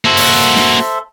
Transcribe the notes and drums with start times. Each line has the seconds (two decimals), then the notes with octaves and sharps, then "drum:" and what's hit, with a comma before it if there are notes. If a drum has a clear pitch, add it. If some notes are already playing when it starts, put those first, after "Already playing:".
0.05 A#3 F#4 A4 C5 E5
0.17 drum: open hi-hat
0.56 drum: snare